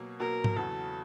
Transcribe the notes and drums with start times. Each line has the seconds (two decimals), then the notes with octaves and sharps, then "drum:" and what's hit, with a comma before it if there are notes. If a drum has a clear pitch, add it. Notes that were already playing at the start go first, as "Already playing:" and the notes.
Already playing: B2 F#3 A#3
0.20 B2 F#3 A#3 A#4
0.44 drum: tom G#2
0.56 E2 C#3 F#3 A4